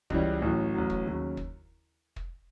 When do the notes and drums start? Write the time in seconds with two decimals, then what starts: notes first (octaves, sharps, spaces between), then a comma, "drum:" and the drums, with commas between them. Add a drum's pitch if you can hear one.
0.10 C#2 C#3 E3 G3, drum: kick
0.42 A1 A2 F#3
0.74 A1 A2 F#3
0.90 drum: kick
1.06 D#2 C#3 F#3
1.37 drum: kick
2.16 drum: kick